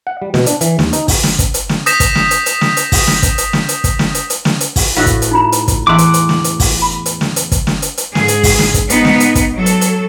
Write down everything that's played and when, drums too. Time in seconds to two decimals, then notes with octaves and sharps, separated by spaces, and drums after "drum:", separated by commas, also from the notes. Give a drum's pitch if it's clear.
0.07 F#5
0.22 G3
0.34 B2, drum: snare
0.46 D4, drum: hi-hat
0.61 E3, drum: hi-hat
0.79 D#2, drum: snare
0.93 D#4, drum: hi-hat
1.08 drum: kick, open hi-hat
1.23 drum: snare
1.39 drum: kick, hi-hat
1.54 drum: hi-hat
1.69 drum: snare
1.86 D#6 G6 A#6 B6 E7, drum: hi-hat
2.00 drum: kick, hi-hat
2.15 drum: snare
2.31 drum: hi-hat
2.46 drum: hi-hat
2.61 drum: snare
2.77 drum: hi-hat
2.92 drum: kick, open hi-hat
3.07 drum: snare
3.23 drum: kick, hi-hat
3.38 drum: hi-hat
3.53 drum: snare
3.69 drum: hi-hat
3.84 drum: kick, hi-hat
3.99 drum: snare
4.14 drum: hi-hat
4.30 drum: hi-hat
4.45 drum: snare
4.60 drum: hi-hat
4.76 drum: kick, open hi-hat
4.96 A2 F#4 E5 F5
5.06 drum: kick, hi-hat
5.22 drum: hi-hat
5.31 D#4 F4 A#5
5.52 drum: hi-hat
5.68 drum: kick, hi-hat
5.87 E2 E5 F#5 C6 D6
5.98 drum: hi-hat
6.14 drum: hi-hat
6.29 drum: snare
6.44 drum: hi-hat
6.60 drum: kick, open hi-hat
6.82 B5
7.06 drum: hi-hat
7.21 drum: snare
7.36 drum: hi-hat
7.52 drum: kick, hi-hat
7.67 drum: snare
7.82 drum: hi-hat
7.98 drum: hi-hat
8.15 G#2 G#4, drum: snare
8.28 drum: hi-hat
8.43 drum: kick, open hi-hat
8.59 drum: snare
8.74 drum: kick, hi-hat
8.90 G#2 B3 D#4, drum: hi-hat
9.05 drum: snare
9.20 drum: hi-hat
9.35 drum: kick, hi-hat
9.55 F#3 A4
9.66 drum: hi-hat
9.81 drum: hi-hat